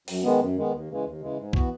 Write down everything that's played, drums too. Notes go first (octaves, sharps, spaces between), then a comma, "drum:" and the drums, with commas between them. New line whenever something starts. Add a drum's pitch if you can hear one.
F#2, drum: open hi-hat
D#3 G#3 B3
F#2
D#3 G#3 B3
D#2
C#3 E3 G#3
D#2
C#3 E3 G#3
G#2
E3 B3 F#4, drum: kick B1